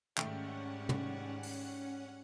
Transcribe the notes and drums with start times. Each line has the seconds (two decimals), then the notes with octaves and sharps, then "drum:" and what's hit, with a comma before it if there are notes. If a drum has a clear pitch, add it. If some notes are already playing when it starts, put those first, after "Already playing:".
0.18 G#2 D#3 G3 A3 C#4 F#5 G5, drum: clap
0.89 drum: tom
1.43 drum: open hi-hat